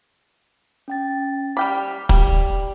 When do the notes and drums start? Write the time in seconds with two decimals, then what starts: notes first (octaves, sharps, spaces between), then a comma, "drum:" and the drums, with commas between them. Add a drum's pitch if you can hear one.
0.88 C#4 G5 A6
1.57 G3 G5 B5 D6 F6
2.09 G3, drum: kick